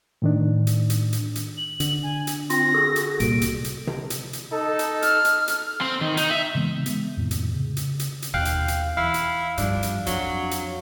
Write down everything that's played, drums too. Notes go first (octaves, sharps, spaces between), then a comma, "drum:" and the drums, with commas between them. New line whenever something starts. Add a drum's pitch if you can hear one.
A2 D#3 D4
drum: hi-hat
drum: hi-hat
drum: hi-hat
drum: hi-hat
F#7
D3, drum: hi-hat
G#5
drum: hi-hat
C4 F4 A#6, drum: hi-hat
F#4 G#4 A4
drum: hi-hat
C2 A#2 G3 D7, drum: hi-hat
drum: hi-hat
drum: hi-hat
drum: tom C3
drum: hi-hat
drum: hi-hat
D#4 A4
drum: hi-hat
F6, drum: hi-hat
drum: hi-hat
drum: hi-hat
C4
D#3
D#4, drum: hi-hat
E5
C#3 E3 G#3 B3
G#3 B3, drum: hi-hat
F2 A2 C3 D#3
drum: hi-hat
C#3
drum: hi-hat
drum: hi-hat
drum: hi-hat
D#2 B2 F5 G5 F#6
drum: hi-hat
drum: hi-hat
E2 E4 F5
drum: hi-hat
G2 F3 D4, drum: hi-hat
drum: hi-hat
F2 F#3 D4, drum: hi-hat
drum: hi-hat